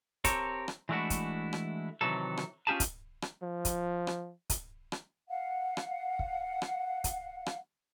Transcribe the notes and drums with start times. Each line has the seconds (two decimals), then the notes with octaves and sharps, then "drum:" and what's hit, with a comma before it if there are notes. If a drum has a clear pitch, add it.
0.24 C4 G4 A4 A#4 C#5, drum: kick, hi-hat
0.68 drum: rim click
0.89 E3 G#3 A3 D4 E4 F#4
1.10 drum: kick, hi-hat
1.53 drum: rim click
2.01 C3 D#3 E3 F#3 A4
2.37 drum: rim click
2.67 C#4 F4 G4 G#4 A5
2.80 drum: kick, hi-hat
3.22 drum: rim click
3.43 F3
3.65 drum: kick, hi-hat
4.07 drum: rim click
4.50 drum: kick, hi-hat
4.92 drum: rim click
5.29 F5 F#5
5.77 drum: rim click
6.19 drum: kick
6.62 drum: rim click
7.04 drum: kick, hi-hat
7.46 drum: rim click